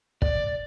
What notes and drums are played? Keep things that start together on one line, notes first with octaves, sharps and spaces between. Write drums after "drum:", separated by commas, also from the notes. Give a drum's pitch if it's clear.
D5, drum: kick